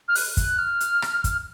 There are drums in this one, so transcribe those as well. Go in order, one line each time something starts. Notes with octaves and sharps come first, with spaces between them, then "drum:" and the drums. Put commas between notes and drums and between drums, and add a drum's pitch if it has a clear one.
F6
F#6, drum: open hi-hat
F#6, drum: kick, hi-hat
F6
drum: hi-hat
drum: rim click
drum: kick, hi-hat